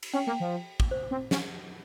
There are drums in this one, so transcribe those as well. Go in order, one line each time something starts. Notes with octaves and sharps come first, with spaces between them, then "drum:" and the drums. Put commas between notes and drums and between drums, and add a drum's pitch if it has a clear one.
drum: cymbal
C#4 G5
A#3 G5
F3
drum: kick
C5
C4
C#4, drum: snare